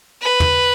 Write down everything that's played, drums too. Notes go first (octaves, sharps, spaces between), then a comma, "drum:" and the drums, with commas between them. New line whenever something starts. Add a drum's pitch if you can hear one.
B4
drum: tom